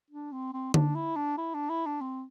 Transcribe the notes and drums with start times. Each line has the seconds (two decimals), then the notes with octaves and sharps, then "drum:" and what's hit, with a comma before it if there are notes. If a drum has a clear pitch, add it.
0.10 D4
0.32 C4
0.53 C4
0.74 D4, drum: tom D3
0.95 E4
1.16 D4
1.38 E4
1.54 D4
1.70 E4
1.86 D4
2.01 C4